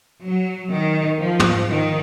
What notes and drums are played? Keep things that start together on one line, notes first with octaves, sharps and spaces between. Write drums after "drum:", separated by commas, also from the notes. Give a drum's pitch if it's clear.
F#3
D#3
F3
drum: tom
D#3